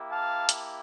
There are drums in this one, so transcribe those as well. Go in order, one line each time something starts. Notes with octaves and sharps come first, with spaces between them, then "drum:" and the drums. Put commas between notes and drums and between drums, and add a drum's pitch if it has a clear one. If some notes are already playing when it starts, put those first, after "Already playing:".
Already playing: A#3 E4 G4
F5 A5
drum: hi-hat